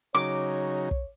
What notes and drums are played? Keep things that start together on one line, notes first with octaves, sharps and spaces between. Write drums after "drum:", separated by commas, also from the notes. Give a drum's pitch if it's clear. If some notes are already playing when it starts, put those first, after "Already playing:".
C#3 F#3 D#4 C#5 D6
drum: kick